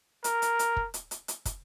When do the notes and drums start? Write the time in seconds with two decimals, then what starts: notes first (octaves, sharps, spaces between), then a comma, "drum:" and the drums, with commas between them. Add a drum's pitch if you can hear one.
0.24 A#4, drum: hi-hat
0.42 drum: hi-hat
0.59 drum: hi-hat
0.76 drum: kick
0.94 drum: hi-hat
1.11 drum: hi-hat
1.28 drum: hi-hat
1.45 drum: kick, hi-hat